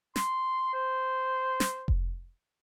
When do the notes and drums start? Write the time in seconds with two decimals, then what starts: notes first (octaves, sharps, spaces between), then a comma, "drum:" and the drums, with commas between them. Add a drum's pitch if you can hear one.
0.16 C6, drum: snare
0.73 C5
1.60 drum: snare
1.88 drum: kick F1